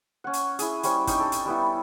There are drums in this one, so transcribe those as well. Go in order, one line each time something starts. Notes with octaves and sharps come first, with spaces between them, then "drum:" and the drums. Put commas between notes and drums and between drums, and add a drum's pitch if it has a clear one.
C#4 F#5
drum: hi-hat
E4 G#4, drum: hi-hat
G3 C#4 C5 C#6, drum: hi-hat
C4 C#4 D#4 G4, drum: kick, hi-hat
A4
drum: hi-hat
G3 B3 E4